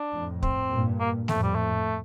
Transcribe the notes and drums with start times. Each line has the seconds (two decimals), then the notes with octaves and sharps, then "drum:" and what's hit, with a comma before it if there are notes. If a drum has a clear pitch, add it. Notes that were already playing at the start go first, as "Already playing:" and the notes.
Already playing: D4
0.13 F2 A2
0.43 C4, drum: kick
0.70 G2 A#2
1.00 A#3
1.28 F2 A2 A3, drum: snare A3
1.43 G3
1.55 A3